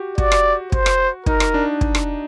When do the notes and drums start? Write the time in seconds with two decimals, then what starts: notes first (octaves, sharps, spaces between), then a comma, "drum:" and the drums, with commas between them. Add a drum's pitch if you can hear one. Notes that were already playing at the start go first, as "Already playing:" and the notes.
Already playing: F#4 G4
0.18 F#4 D5, drum: kick
0.32 drum: rim click
0.72 C5, drum: kick
0.86 drum: rim click
1.26 D#4 A#4, drum: kick
1.40 drum: rim click
1.54 D4
1.81 drum: kick
1.95 drum: rim click